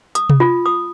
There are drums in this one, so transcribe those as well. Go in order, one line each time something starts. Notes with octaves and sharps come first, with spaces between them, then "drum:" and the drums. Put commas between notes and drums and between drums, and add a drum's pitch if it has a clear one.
D#6, drum: hi-hat
drum: tom C3
F4
D#6